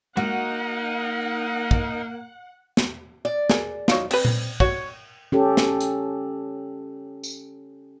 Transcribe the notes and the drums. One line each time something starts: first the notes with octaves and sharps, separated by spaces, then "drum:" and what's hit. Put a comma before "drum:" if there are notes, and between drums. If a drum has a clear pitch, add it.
A#3 D#4 F#4 F#5, drum: tom G#3
drum: kick
drum: snare
D5
G#4 A#4, drum: snare
F#3 D#4 F4, drum: snare
C4 B4, drum: cymbal
drum: tom A#2
F#4 C#5, drum: kick
C#4 G4 A4
drum: snare
drum: hi-hat
drum: tambourine